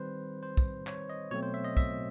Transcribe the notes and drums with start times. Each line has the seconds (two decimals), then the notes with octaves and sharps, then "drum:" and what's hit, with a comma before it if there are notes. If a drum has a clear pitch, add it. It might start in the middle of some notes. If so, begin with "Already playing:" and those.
Already playing: D#3 G3 C4 B4 C5
0.43 C5
0.57 drum: kick, tambourine
0.87 C#5, drum: clap
1.09 D#5
1.31 B2 F#3 A3 C4 C#5
1.43 C5
1.54 E5
1.64 D#5
1.77 E5, drum: kick, tambourine